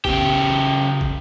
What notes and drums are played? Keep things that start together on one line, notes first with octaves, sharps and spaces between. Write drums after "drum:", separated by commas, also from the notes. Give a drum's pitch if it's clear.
C#3 G4, drum: kick
drum: kick